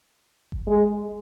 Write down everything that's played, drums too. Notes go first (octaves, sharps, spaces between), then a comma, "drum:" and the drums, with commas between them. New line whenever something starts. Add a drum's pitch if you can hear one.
drum: kick G1
G#3